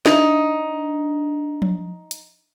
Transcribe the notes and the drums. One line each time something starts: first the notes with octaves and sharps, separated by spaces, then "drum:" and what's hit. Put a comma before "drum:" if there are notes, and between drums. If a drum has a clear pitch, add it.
D4 D#4, drum: snare
drum: tom F3
drum: hi-hat